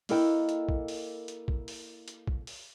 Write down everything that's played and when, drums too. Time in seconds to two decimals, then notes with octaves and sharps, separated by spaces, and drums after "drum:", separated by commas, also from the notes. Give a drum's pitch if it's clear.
0.09 A#3 E4 A4 A#4 D#5 G5, drum: open hi-hat
0.49 drum: hi-hat
0.69 drum: kick
0.88 drum: open hi-hat
1.28 drum: hi-hat
1.48 drum: kick
1.68 drum: open hi-hat
2.08 drum: hi-hat
2.27 drum: kick
2.47 drum: open hi-hat